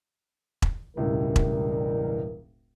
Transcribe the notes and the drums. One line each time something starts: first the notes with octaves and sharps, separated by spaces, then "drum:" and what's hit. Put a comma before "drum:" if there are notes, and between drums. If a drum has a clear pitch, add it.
drum: kick E1
E1 C#2 A2 E3 G3 A#4
drum: kick E1